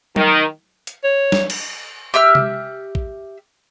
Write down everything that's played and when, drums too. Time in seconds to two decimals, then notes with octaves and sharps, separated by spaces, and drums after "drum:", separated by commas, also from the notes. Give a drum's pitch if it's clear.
0.16 D#3, drum: tom
0.87 drum: hi-hat
1.04 C#5
1.32 drum: snare
1.50 drum: cymbal
2.14 G4 E5 E6 F6
2.35 drum: tom C3
2.95 drum: kick